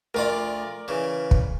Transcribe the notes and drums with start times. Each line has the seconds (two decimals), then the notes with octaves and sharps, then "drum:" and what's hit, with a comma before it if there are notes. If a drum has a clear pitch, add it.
0.14 D2 F4 A#4 D5 D6
0.88 C#3 E3
1.31 drum: kick